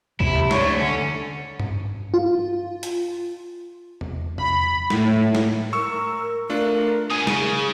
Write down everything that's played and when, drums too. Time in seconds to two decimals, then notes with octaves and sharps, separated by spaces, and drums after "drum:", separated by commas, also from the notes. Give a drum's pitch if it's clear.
0.20 C3 E4, drum: kick C#2
0.51 D3 A3 C#5, drum: snare
0.78 D3 C#4
1.60 drum: tom G2
2.14 F4
2.83 drum: hi-hat
4.01 drum: tom E2
4.38 B5, drum: tom E2
4.90 A2, drum: snare
5.35 drum: snare
5.73 A#4 C#6 E6
6.50 A3 D4 F4 A#4
7.10 B2 G#4 G#5 D#6
7.27 C#3 G#4, drum: snare